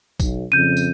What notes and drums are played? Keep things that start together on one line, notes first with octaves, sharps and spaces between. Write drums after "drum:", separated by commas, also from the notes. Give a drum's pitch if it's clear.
B1, drum: kick, tambourine
F2 C#3 G6 D#7
drum: tambourine